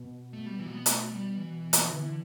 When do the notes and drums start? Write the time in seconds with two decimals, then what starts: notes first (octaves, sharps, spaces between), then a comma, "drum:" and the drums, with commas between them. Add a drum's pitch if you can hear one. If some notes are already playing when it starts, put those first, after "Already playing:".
Already playing: B2
0.33 A3
0.46 G3
0.59 E3
0.73 B3
0.86 A3, drum: hi-hat
1.11 G3
1.38 E3
1.73 drum: hi-hat
1.90 D3 E3